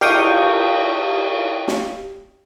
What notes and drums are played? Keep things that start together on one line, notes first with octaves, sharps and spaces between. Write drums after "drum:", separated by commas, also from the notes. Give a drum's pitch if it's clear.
G4 F5 G5 C#6 D#6, drum: cymbal
drum: snare